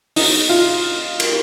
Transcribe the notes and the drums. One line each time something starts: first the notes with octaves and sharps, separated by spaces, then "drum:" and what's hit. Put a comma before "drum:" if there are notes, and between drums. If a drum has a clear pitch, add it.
D#4, drum: open hi-hat
F4
drum: cymbal